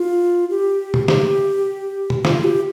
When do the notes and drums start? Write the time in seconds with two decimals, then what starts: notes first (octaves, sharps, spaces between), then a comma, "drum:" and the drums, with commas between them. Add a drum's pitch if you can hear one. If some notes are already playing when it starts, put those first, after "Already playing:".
Already playing: F4
0.50 G4
0.94 drum: tom
1.08 G4, drum: snare
2.10 drum: tom
2.25 F4, drum: snare
2.44 G4